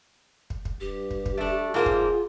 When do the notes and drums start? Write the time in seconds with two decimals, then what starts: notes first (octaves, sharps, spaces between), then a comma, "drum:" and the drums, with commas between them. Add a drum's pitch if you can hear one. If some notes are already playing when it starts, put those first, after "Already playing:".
0.50 drum: kick
0.65 drum: kick
0.80 G2 G4
1.11 drum: kick
1.26 drum: kick
1.38 A3 D4
1.74 G#2 A#3 F4 G#4 C5
1.86 drum: kick